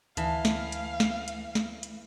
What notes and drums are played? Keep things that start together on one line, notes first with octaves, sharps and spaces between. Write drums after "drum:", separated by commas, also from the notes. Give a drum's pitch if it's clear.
D2 E3 F5 A5, drum: hi-hat
drum: snare
drum: hi-hat
drum: snare
drum: hi-hat
drum: snare
drum: hi-hat